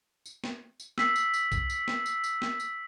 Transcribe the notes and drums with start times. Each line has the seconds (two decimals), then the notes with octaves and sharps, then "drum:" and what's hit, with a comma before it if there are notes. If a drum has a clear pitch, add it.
0.26 drum: tambourine
0.44 drum: snare
0.80 drum: tambourine
0.98 E6 B6 C7, drum: snare
1.16 drum: tambourine
1.34 drum: tambourine
1.52 drum: kick, tambourine
1.70 drum: tambourine
1.88 drum: snare
2.06 drum: tambourine
2.24 drum: tambourine
2.42 drum: snare
2.60 drum: tambourine